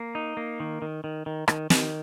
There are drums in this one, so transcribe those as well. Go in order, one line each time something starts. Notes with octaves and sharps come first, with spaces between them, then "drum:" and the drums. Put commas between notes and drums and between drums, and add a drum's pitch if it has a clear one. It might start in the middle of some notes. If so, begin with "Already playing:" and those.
Already playing: A#3
D#4
A#3
D#3
D#3
D#3
D#3
D#3, drum: rim click
D#3, drum: snare